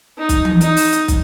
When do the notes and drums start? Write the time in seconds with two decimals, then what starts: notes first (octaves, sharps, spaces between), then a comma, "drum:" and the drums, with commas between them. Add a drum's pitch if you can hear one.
0.18 D#4
0.29 drum: kick, hi-hat
0.45 drum: tom E3
0.61 D#4, drum: hi-hat
0.76 drum: open hi-hat
0.92 drum: hi-hat
1.08 drum: kick, hi-hat